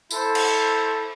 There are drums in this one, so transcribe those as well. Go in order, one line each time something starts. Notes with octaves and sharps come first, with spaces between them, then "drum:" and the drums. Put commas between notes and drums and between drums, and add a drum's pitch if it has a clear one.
E4 A4 C5, drum: tambourine
drum: cymbal